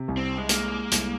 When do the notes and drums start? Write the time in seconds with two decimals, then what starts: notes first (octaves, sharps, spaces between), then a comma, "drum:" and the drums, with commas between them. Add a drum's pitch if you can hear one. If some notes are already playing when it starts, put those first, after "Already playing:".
Already playing: C3
0.08 C2
0.17 C4
0.38 G#3
0.49 G#3 A#3, drum: hi-hat
0.91 C2, drum: hi-hat